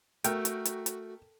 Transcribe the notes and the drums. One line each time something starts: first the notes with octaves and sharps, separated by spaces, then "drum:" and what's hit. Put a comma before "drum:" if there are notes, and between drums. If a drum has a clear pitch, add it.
A3 F#4 A#4 G5, drum: hi-hat
drum: hi-hat
drum: hi-hat
drum: hi-hat